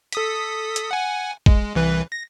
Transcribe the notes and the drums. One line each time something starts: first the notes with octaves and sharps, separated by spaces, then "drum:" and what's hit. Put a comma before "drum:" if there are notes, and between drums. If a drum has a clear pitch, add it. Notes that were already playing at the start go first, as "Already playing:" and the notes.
A4 D#6 B6, drum: hi-hat
drum: hi-hat
F#5 G#5
G#3, drum: kick
C2 E3 B4
A#6